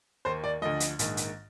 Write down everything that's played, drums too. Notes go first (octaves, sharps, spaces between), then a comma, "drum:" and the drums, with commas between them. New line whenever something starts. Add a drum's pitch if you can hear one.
D#2 D#3 C5
D5
D2 D3 F3 D#5
drum: hi-hat
A#1 G#2 D#3, drum: hi-hat
drum: hi-hat